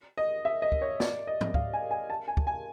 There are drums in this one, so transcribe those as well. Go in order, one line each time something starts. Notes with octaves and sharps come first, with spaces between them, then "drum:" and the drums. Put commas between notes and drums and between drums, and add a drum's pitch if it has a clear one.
D#5
E5
D#5
drum: kick
C#5
D5, drum: snare
D#5
drum: tom
F5, drum: kick
G#5
G#5
A5
G#5
drum: kick
G#5